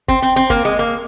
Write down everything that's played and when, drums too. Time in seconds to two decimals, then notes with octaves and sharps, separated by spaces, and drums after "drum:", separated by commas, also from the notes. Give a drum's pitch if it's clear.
0.08 C4, drum: kick
0.22 C4
0.36 C4
0.50 A#3, drum: kick
0.65 G#3
0.79 A#3